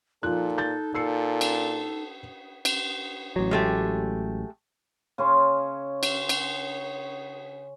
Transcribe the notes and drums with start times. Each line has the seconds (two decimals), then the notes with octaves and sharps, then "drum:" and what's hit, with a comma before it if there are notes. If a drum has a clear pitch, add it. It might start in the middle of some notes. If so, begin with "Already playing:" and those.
0.23 A#2 F3 D#4 F4 A4 F#6
0.58 G6 A6
0.95 A#2 A4 E6 C7 C#7
1.41 drum: cymbal
2.65 drum: cymbal
3.36 A1 F#3
3.51 G#3 A3 G4
5.18 C#3 C#4 C6
6.03 drum: cymbal
6.29 drum: cymbal